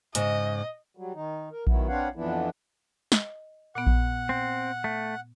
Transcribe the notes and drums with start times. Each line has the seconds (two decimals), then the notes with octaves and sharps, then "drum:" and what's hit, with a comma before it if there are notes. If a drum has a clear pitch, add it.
0.15 G#2 C#3 D#5, drum: hi-hat
0.97 F#3 G3
1.14 D#3 D#4
1.51 A#4
1.67 D#3 F#3 B3 E4, drum: kick A#1
1.88 C4 D4 B4 C#5 F5 F#5
2.16 F2 E3 F3 B3 D4 E4
3.12 D#5, drum: snare
3.75 A#2 B3 F#5
3.87 drum: kick A#1
4.29 C4
4.84 A3